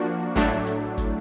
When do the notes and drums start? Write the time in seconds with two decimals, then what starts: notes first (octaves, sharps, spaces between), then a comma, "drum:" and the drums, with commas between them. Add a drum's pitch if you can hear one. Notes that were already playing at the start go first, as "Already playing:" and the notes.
Already playing: F3 A#3 D4 F#4
0.36 A2 F#3 A3 D4, drum: kick, hi-hat
0.67 drum: hi-hat
0.98 drum: kick, hi-hat